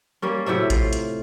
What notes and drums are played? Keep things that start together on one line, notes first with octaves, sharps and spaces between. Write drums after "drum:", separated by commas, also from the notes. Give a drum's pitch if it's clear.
G3 A#3 C#4
A2 C3 F#3 E5
F4, drum: kick A1, hi-hat
drum: hi-hat